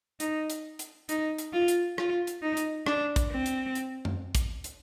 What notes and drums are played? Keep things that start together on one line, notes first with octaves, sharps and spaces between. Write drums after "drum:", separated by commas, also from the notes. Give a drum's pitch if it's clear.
D#4, drum: hi-hat
drum: hi-hat
drum: hi-hat
D#4, drum: hi-hat
drum: hi-hat
F4
drum: hi-hat
F4, drum: rim click
drum: hi-hat
D#4
drum: hi-hat
D4, drum: rim click
drum: kick, hi-hat
C4
drum: hi-hat
drum: hi-hat
drum: tom F#2
drum: kick, hi-hat
drum: hi-hat